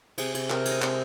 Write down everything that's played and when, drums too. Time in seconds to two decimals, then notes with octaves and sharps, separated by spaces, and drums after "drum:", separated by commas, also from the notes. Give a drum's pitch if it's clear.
0.18 C3 G#4, drum: cymbal
0.35 C3, drum: cymbal
0.50 C3 A#4, drum: clap
0.65 G#3, drum: cymbal
0.71 D#5
0.82 C3 D#5, drum: clap